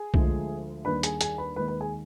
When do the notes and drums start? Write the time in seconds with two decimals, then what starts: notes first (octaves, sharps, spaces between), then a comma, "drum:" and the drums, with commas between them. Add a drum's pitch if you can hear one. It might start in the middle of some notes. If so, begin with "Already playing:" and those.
Already playing: G#4 G#5
0.14 D2 D3 F3 G#3, drum: kick B1
0.85 D#2 D#3 G3 D4 B4 B5
1.03 G#4 G#5, drum: hi-hat
1.21 G#4 G#5, drum: hi-hat
1.38 B4 B5
1.56 D#2 D#3 G#3 B4 B5
1.68 B4 B5
1.80 G#4 G#5